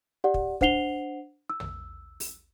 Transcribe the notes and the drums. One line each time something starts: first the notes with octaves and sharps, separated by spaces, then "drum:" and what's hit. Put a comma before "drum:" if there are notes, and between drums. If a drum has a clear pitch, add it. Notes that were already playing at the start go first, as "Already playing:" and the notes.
G4 D5 F#5
drum: kick
D4 C5 F#5 C7 F7 G7, drum: kick
E6
drum: tom
drum: open hi-hat